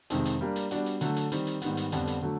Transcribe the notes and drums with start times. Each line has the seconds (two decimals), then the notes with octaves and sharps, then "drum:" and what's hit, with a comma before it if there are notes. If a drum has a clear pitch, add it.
0.10 F2 C3 D#3 G#3, drum: hi-hat
0.25 drum: hi-hat
0.41 G3 A#3 D4
0.56 drum: hi-hat
0.71 G3 B3 D4 F#4, drum: hi-hat
0.86 drum: hi-hat
1.01 D3 F#3 A3, drum: hi-hat
1.16 drum: hi-hat
1.32 D#3 G3 C4, drum: hi-hat
1.47 drum: hi-hat
1.62 G#2 D#3 G3 B3, drum: hi-hat
1.77 drum: hi-hat
1.92 F2 D3 G3 B3 D4, drum: hi-hat
2.07 drum: hi-hat
2.22 D3 F#3 A3